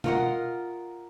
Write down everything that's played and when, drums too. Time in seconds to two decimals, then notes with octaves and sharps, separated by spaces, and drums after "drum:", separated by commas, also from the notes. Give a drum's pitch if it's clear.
0.04 F4 F#4 A#4 C#5 D#5 F#5, drum: tom B2